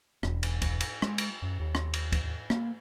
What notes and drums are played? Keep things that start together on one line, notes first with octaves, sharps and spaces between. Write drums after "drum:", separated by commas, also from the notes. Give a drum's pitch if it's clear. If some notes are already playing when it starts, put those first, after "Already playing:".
E1, drum: rim click
drum: cymbal
drum: kick, cymbal
drum: cymbal
G#3, drum: rim click
drum: cymbal
F#2
D#2
drum: rim click
drum: cymbal
drum: kick, cymbal
A#3, drum: rim click